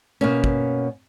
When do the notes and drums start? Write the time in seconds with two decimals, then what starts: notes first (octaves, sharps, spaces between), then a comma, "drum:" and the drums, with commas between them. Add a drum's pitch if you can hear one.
0.21 B2 A#3 C#4
0.44 drum: kick